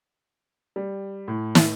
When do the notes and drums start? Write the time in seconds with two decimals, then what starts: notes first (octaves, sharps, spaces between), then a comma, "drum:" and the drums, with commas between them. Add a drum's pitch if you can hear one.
0.76 G3
1.28 A2
1.55 drum: snare